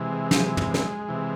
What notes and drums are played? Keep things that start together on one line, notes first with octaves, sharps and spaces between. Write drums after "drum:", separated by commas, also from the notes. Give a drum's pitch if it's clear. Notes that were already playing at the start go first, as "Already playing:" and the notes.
Already playing: C3 E3 G#3
drum: snare
drum: tom
drum: snare
C3 E3